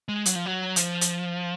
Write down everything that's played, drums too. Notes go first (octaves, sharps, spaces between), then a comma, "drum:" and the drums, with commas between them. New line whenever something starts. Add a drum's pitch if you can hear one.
G#3
F#3, drum: hi-hat
F3
F#3
F3, drum: hi-hat
drum: hi-hat